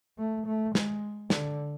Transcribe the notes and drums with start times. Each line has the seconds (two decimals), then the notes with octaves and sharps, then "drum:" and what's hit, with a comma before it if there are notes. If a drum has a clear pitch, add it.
0.19 A3
0.47 A3
0.75 G#3, drum: snare
1.30 D3, drum: snare